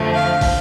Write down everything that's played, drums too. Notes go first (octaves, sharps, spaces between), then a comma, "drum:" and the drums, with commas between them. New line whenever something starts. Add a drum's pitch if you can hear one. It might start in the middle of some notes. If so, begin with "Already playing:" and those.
Already playing: F2 D3 F3 A3
F5
drum: kick, open hi-hat